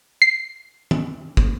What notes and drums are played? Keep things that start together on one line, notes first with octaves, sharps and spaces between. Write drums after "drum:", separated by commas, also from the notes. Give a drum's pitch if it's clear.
C7
drum: tom D#3
drum: kick